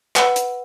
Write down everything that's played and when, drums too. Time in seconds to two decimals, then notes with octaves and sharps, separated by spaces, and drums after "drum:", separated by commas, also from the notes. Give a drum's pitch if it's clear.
0.16 B4 F#5 B5 E6, drum: clap
0.36 drum: hi-hat